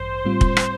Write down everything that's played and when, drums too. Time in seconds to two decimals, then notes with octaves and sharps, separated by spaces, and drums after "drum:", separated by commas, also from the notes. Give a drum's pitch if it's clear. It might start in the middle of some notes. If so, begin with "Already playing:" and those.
Already playing: A1 G2 E3 C5
0.25 A2 G3 C4 F4
0.41 drum: kick
0.57 drum: rim click